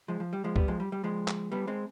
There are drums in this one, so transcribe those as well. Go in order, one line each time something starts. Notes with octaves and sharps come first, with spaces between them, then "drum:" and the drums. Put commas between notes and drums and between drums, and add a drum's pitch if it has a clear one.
F3 G#3
F3
G3
F3 G#3
G3 B3, drum: kick
F3 G#3
G3
G3
F3 G#3
drum: clap
G3 B3
G#3 C4